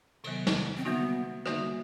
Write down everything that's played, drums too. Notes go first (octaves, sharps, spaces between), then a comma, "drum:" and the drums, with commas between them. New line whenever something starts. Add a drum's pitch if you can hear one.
C3 D#3 F#3 B3, drum: cymbal
drum: snare
C4
D3 G3 A#3 B3 D#4 F#4
D3 G3 A#3 D#4 F#4, drum: rim click